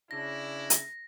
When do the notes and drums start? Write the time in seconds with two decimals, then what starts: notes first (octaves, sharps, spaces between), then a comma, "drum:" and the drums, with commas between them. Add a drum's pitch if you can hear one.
0.11 C#3 D4 E4 A#6
0.70 drum: hi-hat